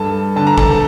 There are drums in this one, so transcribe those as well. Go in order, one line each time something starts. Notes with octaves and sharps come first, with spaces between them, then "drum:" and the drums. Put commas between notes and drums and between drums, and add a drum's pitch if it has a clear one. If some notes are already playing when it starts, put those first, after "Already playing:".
Already playing: G2 A4 A5
D3 A5
A#5
A4 A5, drum: kick